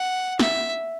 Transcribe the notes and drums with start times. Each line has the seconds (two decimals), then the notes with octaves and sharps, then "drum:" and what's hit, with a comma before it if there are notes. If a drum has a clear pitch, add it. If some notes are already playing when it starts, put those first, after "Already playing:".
Already playing: F#5
0.39 E5, drum: snare